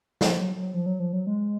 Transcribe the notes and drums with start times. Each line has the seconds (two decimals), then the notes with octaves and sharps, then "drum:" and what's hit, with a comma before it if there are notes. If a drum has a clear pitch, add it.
0.21 F3, drum: snare
0.39 F#3
0.56 F#3
0.74 F3
0.86 F#3
1.00 F3
1.13 F#3
1.27 G#3